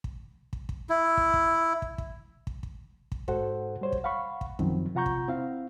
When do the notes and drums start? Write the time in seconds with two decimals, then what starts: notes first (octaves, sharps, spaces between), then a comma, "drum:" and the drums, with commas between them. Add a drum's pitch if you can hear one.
0.04 drum: kick
0.53 drum: kick
0.69 drum: kick
0.89 E4
1.17 drum: kick
1.34 drum: kick
1.82 drum: kick
1.98 drum: kick
2.47 drum: kick
2.63 drum: kick
3.12 drum: kick
3.28 G#2 F#4 A4 C5 F#5, drum: kick
3.81 G3 C5 C#5
3.92 drum: kick
4.04 F5 F#5 B5 C#6
4.41 drum: kick
4.59 F#2 D#3 F3 F#3 C4, drum: kick
4.95 C3 F4 F#5 A#5 C#6 G6
5.06 drum: kick
5.28 C4 E4 F5